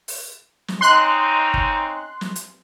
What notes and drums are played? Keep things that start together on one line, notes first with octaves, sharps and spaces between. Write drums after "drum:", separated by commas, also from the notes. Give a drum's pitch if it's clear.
drum: open hi-hat
drum: snare
C4 C#4 D#4 C6 F#6
drum: kick G1
drum: snare
drum: hi-hat